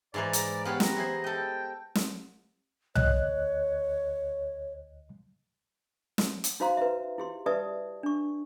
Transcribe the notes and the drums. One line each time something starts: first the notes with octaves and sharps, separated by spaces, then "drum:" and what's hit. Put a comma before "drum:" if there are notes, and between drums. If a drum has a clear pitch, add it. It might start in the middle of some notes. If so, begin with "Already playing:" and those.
G#2 E3 A#4 D5
A#4, drum: hi-hat
B3 G4 C#5 F5
A#5, drum: snare
E4 G#4 C5
A4 D#5 G5
drum: snare
D2 C#5 D#5 F#6, drum: tom C2
drum: snare
drum: hi-hat
D#4 F#4 C5 F5 A#5 C6
B4 E5
E4 G4 C6
G4 B4 D5 E5 A5 D#6
D4 C#6